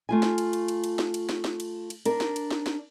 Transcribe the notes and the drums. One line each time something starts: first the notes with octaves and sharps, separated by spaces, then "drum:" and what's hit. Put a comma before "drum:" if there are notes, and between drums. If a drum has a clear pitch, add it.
A3 F4 G#5
drum: snare
drum: cymbal
drum: cymbal
drum: cymbal
drum: cymbal
drum: snare
drum: cymbal
drum: snare
drum: snare
drum: cymbal
drum: cymbal
D4 A#4, drum: cymbal
drum: snare
drum: cymbal
drum: snare
drum: snare